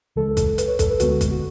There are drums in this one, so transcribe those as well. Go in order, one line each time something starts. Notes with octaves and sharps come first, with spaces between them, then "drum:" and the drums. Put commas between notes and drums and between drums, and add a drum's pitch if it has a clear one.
C#2 C#3 E3 G#3 A4
A4, drum: kick, hi-hat
B4, drum: hi-hat
C#5
A4, drum: kick, hi-hat
B4
D2 D3 G#3 B3 F#4, drum: hi-hat
F#4
drum: kick, hi-hat
F#4